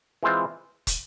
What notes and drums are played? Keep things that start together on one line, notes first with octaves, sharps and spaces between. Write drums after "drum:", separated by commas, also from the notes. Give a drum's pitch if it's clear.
E3 G#3 C4 F4
drum: kick, hi-hat